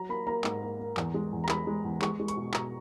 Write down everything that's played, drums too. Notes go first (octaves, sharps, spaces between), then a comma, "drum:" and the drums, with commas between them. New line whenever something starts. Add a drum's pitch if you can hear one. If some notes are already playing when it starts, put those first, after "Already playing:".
Already playing: F#3 A#5
A#3 B5
A#3 A#5
G#2, drum: clap
A#3
A#3
E2, drum: clap
G#3
E2
A#5
G#3 B5, drum: clap
G#3
E2
G#3 C#6, drum: clap
G#3
C#6, drum: hi-hat
B2
B2 A#5, drum: clap